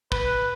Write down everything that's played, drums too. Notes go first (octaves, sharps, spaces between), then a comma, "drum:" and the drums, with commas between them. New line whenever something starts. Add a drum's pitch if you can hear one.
B4, drum: kick